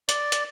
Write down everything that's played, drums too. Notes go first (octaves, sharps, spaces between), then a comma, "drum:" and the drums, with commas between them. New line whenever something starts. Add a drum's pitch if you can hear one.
D5, drum: hi-hat
drum: hi-hat